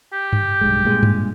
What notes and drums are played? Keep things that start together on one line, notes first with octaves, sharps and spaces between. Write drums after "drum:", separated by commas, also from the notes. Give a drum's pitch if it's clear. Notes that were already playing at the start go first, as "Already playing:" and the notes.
G4
drum: tom G2
B1 G2 G#3
G2 A#2 G#3
drum: tom G2